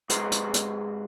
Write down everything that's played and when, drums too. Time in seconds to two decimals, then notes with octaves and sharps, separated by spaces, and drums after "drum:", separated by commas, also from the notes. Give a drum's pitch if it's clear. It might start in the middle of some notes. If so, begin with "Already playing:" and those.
0.09 G#2 F#4 G#4 B4 C5 A#5, drum: hi-hat
0.32 drum: hi-hat
0.54 drum: hi-hat